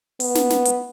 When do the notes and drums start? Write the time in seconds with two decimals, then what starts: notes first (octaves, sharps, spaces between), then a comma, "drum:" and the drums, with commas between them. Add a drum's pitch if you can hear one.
0.20 B3, drum: open hi-hat
0.35 drum: snare
0.50 drum: snare
0.65 drum: hi-hat